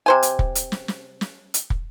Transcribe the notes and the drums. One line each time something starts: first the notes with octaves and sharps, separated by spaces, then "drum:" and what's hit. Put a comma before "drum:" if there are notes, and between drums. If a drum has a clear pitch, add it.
C3 C5 G#5
drum: hi-hat
drum: kick
drum: hi-hat
drum: snare
drum: snare
drum: snare
drum: hi-hat
drum: kick